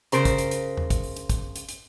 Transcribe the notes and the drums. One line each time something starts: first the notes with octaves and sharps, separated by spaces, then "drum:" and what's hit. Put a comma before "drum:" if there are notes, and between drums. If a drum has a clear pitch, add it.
C#3 A#4 C5 A#5, drum: hi-hat
drum: kick, hi-hat
drum: hi-hat
drum: hi-hat
drum: tom E2
drum: kick, hi-hat
drum: open hi-hat
drum: hi-hat
drum: kick, hi-hat
drum: hi-hat
drum: hi-hat